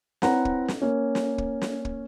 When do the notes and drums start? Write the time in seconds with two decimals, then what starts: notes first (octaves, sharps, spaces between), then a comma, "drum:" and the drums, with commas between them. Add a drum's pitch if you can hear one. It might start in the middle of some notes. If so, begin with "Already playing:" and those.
0.22 C4 E4 B4 C#5 F#5 A#5, drum: snare
0.45 drum: kick
0.68 drum: snare
0.82 A#3 C#4
1.15 drum: snare
1.38 drum: kick
1.62 drum: snare
1.85 drum: kick